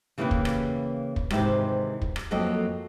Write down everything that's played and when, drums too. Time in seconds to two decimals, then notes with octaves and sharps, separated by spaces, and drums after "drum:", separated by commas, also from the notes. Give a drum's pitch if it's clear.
0.18 C#3 E3 A#3 C#4 G4 B4
0.31 drum: kick
0.45 drum: rim click
1.16 drum: kick
1.30 G#2 C3 D#3 E3 C4 G4, drum: rim click
2.02 drum: kick
2.16 drum: rim click
2.31 F2 F#3 A#3 A4 D#5